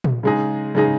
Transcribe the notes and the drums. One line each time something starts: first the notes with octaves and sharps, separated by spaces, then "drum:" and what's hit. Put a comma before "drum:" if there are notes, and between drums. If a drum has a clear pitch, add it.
drum: tom A#2
C#3 G#3 D#4 G#4
C#3 G#3 D#4 G#4